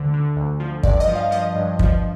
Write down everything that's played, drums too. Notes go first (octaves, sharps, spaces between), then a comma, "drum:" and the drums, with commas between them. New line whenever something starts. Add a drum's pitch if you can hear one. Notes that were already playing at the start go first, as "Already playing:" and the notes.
Already playing: D2 D3
D3
D2
F3
G2 D5, drum: kick
D#5
F3
F5
F3 D#5
G2
F3, drum: kick